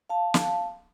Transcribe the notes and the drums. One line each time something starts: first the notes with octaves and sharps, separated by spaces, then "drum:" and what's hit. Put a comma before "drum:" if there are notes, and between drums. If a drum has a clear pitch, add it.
F5 A5
drum: snare